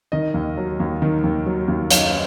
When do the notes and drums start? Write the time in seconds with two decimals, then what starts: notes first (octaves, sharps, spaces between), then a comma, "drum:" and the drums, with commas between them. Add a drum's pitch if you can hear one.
0.12 D#3 D#5
0.34 D#2
0.57 F#3
0.80 D#2
1.02 D#3
1.24 D#2
1.46 F#3
1.68 D#2
1.91 F#2 C#5 F5, drum: hi-hat